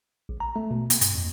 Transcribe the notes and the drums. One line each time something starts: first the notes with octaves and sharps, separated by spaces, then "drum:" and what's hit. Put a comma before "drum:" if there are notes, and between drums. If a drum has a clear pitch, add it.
A#1
A#5
A3
B2
A#3, drum: hi-hat
G2, drum: hi-hat
F2